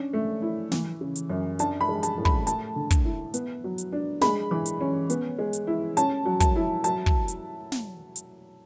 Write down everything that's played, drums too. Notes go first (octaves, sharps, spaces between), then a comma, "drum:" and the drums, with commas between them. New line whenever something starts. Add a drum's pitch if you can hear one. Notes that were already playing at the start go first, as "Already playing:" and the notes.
Already playing: C#4 D4
A3
E4
E3, drum: snare
C#3
drum: hi-hat
F#2
D4 A5, drum: hi-hat
B5
G#3
A5, drum: hi-hat
A2
B5, drum: kick
A3 A5, drum: hi-hat
D3
drum: kick, hi-hat
E4
B3, drum: hi-hat
F#3
drum: hi-hat
D4
G#3 B5, drum: snare
E3
drum: hi-hat
C#4
B3, drum: hi-hat
G#3
drum: hi-hat
E4
C#4 A5, drum: hi-hat
F#3
A5, drum: kick, hi-hat
E4
F#3 A5, drum: hi-hat
drum: kick
drum: hi-hat
drum: snare
drum: hi-hat